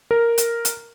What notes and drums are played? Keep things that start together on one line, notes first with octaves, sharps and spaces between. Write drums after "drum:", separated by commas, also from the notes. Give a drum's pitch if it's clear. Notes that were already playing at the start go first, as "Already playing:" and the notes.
A#4
drum: hi-hat
drum: hi-hat